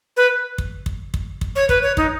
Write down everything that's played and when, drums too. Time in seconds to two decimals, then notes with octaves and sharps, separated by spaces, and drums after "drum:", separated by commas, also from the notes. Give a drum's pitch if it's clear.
0.17 B4
0.58 drum: kick
0.86 drum: kick
1.14 drum: kick
1.41 drum: kick
1.56 C#5
1.69 B4, drum: kick
1.83 C#5
1.97 D#4, drum: kick